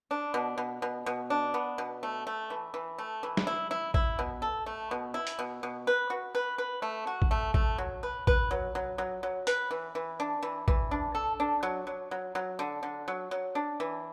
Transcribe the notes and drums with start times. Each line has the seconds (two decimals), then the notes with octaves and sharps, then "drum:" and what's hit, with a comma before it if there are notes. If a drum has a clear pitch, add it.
0.11 D4
0.34 B2
0.58 B2
0.82 B2
1.06 B2
1.30 D4
1.54 B3
1.78 B2
2.03 A3
2.27 A3
2.50 E3
2.74 E3
2.98 A3
3.23 E3
3.37 drum: snare
3.47 E4
3.71 E4
3.94 E4, drum: kick
4.19 B2
4.42 A4
4.66 A3
4.91 B2
5.14 E4
5.27 drum: hi-hat
5.39 B2
5.63 B2
5.87 B4
6.10 F#4
6.35 B4
6.58 B4
6.82 A3
7.07 F#4
7.22 drum: kick
7.31 A3
7.54 A3, drum: kick
7.78 F#3
8.03 B4
8.27 B4, drum: kick
8.51 F#3
8.75 F#3
8.98 F#3
9.23 F#3
9.47 B4, drum: hi-hat
9.71 E3
9.95 E3
10.20 D4
10.43 E3
10.68 E3, drum: kick
10.91 D4
11.15 A4
11.40 D4
11.63 F#3
11.87 F#3
12.11 F#3
12.35 F#3
12.59 D3
12.83 D3
13.08 F#3
13.31 F#3
13.55 D4
13.80 E3